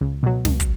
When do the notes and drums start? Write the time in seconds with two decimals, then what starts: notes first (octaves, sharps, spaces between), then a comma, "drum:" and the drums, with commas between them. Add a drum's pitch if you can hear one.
0.01 C#2
0.23 B2 F#3
0.45 C#2, drum: snare
0.60 drum: kick, hi-hat